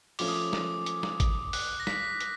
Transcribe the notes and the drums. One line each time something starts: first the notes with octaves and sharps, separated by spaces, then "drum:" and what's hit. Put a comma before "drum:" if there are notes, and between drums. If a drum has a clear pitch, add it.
F3 A3 C#4 F4 D6, drum: open hi-hat
D#6
D6
drum: snare
drum: hi-hat
drum: snare
drum: kick G#1, hi-hat
F#6, drum: open hi-hat
A#6
B6, drum: snare
drum: hi-hat